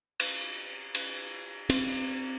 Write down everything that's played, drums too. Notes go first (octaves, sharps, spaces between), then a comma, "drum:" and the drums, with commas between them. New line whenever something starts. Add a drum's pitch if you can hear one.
drum: cymbal
drum: cymbal
C4, drum: cymbal